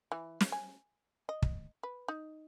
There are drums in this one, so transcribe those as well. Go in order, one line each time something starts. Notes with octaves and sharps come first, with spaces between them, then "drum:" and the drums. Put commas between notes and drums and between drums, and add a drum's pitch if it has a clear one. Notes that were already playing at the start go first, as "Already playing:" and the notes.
E3
drum: snare
G#5
D#5
drum: kick
B4
D#4